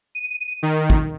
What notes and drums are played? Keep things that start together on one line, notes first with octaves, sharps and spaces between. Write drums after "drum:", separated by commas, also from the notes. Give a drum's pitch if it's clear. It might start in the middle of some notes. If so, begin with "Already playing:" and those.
D#7
D#3
drum: kick